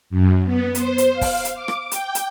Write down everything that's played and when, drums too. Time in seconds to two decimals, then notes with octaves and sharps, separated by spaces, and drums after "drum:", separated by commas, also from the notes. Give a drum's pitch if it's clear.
0.10 F#2
0.45 B3
0.75 C5, drum: hi-hat
0.98 drum: hi-hat
1.12 F5
1.21 drum: kick, open hi-hat
1.45 drum: hi-hat
1.54 D6
1.68 drum: rim click
1.91 G5, drum: hi-hat
2.15 drum: hi-hat